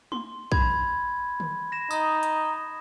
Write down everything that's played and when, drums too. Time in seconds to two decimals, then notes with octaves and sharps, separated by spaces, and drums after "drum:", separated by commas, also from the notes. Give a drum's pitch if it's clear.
0.12 C6, drum: tom G#3
0.52 B5 G#6, drum: kick
1.40 drum: tom
1.72 A#6 E7
1.91 D#4 D#6, drum: tambourine
2.23 drum: hi-hat